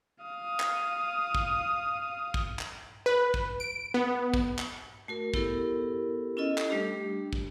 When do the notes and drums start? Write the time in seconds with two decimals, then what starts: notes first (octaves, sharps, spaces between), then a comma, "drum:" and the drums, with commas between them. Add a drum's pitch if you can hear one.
0.24 F5 D#6
0.60 drum: clap
1.35 drum: kick
2.34 drum: kick
2.59 drum: clap
3.06 B4
3.34 drum: kick
3.60 D7
3.94 B3
4.34 drum: kick
4.58 drum: clap
5.08 A3 F#4 A#4
5.34 B3 E4 G4 A4 A#4, drum: kick
6.37 C#4 E4 F4 A4 D#5
6.58 drum: clap
6.70 G3 A3 D4 G4
7.33 drum: kick